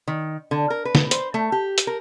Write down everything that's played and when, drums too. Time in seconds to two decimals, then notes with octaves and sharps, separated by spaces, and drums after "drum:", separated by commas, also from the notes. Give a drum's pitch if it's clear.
0.08 D#3
0.51 D3
0.70 A#4
0.85 B4
0.95 drum: snare
1.11 C5, drum: hi-hat
1.34 A3
1.52 G4
1.78 drum: hi-hat
1.87 A#4